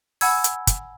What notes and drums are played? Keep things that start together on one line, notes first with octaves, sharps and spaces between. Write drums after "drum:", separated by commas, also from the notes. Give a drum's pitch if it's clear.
F#5 G#5 B5 E6 G#6, drum: open hi-hat
drum: hi-hat
drum: kick, hi-hat